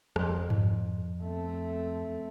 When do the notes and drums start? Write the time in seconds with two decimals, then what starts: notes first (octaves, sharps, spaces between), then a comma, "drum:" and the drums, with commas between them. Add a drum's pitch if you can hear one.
0.16 F2, drum: rim click
0.50 drum: tom G2
1.22 A3 C4